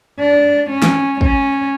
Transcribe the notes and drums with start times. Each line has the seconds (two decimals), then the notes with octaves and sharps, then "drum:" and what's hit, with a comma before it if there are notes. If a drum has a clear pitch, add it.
0.20 D4
0.70 C#4
0.82 drum: snare
1.21 C#4, drum: kick